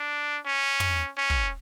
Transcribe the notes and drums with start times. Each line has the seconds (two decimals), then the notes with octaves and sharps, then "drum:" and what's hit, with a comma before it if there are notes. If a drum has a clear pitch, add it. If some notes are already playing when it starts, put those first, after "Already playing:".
Already playing: D4
0.45 C#4
0.80 drum: tom
1.17 C#4
1.30 drum: kick